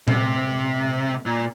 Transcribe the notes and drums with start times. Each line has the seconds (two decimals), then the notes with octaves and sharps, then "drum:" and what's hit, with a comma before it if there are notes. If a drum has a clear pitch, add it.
0.08 C3, drum: tom A#2
1.26 A#2